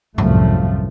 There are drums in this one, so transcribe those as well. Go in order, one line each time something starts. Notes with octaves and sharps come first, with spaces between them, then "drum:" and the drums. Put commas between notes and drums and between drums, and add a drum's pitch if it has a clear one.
C2 F#2 A2 F3 G3 A3, drum: tom G2